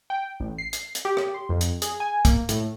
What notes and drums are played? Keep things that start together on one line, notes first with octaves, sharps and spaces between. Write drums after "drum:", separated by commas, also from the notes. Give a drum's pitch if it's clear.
G5
A1
C7
drum: hi-hat
drum: hi-hat
G4
drum: rim click
C6
F2
drum: hi-hat
G#4, drum: hi-hat
G#5
A#3, drum: kick, hi-hat
A2, drum: hi-hat